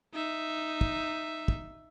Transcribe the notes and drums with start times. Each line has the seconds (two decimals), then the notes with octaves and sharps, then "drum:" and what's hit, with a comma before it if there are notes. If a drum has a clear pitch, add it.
0.14 D#4 E5
0.81 drum: kick
1.48 drum: kick